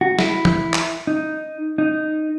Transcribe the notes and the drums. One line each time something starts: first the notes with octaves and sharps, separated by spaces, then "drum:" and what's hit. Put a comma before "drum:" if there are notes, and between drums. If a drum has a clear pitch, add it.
F#4
E4, drum: snare
drum: tom
drum: clap
D#4
D#4